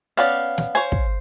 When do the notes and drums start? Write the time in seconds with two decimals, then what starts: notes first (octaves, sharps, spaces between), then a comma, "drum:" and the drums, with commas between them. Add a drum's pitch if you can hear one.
0.17 B3 C#4 D5 F5
0.58 drum: snare
0.75 C5 C#5 G#5
0.92 drum: kick